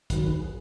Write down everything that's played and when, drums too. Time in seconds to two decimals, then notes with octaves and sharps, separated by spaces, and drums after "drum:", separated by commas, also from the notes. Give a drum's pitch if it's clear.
0.10 D#2 D#3 F#3 B4, drum: kick, hi-hat
0.25 B4
0.39 G#4